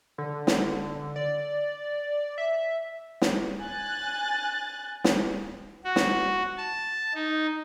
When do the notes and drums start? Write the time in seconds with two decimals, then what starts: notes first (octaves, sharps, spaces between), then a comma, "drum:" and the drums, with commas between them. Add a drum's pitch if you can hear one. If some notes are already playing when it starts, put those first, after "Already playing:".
0.18 D3
0.47 drum: snare
1.16 D5
2.38 E5
3.22 drum: snare
3.61 G#5 F#6 A6
5.04 drum: snare
5.84 F#4
5.96 drum: snare
6.57 A5
7.14 D#4